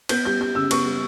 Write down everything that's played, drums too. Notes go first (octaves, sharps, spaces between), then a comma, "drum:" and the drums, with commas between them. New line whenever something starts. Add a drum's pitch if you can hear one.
B3 G6, drum: cymbal
G3 G6
G3 G6
C#3 E6
B3 C#6, drum: cymbal
G3